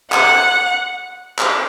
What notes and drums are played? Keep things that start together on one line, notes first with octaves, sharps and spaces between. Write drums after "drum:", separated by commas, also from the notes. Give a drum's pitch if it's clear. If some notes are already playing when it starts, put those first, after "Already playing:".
F#5, drum: clap
drum: clap